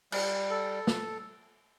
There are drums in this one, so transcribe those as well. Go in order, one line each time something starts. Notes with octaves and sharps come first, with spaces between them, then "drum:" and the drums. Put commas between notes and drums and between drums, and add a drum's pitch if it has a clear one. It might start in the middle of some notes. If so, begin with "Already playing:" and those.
G3, drum: cymbal
A4
drum: snare